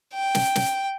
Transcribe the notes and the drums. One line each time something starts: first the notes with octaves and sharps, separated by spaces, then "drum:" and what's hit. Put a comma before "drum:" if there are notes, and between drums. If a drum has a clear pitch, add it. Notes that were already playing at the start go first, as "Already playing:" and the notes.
G5
drum: snare
drum: snare